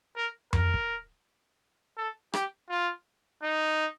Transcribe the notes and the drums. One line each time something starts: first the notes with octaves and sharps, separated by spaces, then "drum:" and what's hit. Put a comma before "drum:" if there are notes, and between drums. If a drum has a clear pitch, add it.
A#4
A#4, drum: tom F2
drum: kick
A4
G4, drum: rim click
F4
D#4